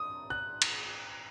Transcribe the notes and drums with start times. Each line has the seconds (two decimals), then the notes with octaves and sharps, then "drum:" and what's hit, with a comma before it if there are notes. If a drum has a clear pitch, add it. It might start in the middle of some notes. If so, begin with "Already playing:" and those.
Already playing: D#6
0.30 F#6
0.62 drum: cymbal